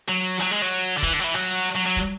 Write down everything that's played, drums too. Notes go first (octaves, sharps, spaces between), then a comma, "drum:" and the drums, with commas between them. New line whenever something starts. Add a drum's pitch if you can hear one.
F#3
F#3, drum: rim click
G#3
F#3
D3
E3, drum: kick, hi-hat
D3
F#3
E3
F#3, drum: rim click
drum: hi-hat
F#3
F#3
drum: kick